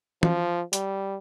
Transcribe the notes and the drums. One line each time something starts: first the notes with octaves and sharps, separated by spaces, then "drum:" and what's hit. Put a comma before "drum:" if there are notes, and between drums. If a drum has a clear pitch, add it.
F3, drum: tom
G3, drum: hi-hat